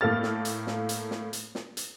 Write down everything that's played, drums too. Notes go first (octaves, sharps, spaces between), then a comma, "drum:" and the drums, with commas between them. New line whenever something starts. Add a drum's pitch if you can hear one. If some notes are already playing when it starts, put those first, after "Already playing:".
A2 A#3 A4 F6 A6
drum: snare
drum: hi-hat
drum: snare
drum: hi-hat
drum: snare
drum: hi-hat
drum: snare
drum: hi-hat